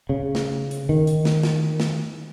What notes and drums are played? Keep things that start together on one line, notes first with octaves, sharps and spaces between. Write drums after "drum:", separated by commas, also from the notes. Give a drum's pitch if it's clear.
C#3
drum: snare
drum: hi-hat
D#3
drum: hi-hat
drum: snare
drum: snare
drum: snare